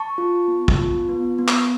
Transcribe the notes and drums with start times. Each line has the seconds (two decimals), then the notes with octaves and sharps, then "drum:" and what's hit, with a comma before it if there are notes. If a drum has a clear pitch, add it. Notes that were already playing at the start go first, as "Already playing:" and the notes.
Already playing: A5 C#6
0.18 F4
0.48 B3
0.68 drum: kick
0.78 F4
1.08 B3
1.38 B3
1.48 drum: clap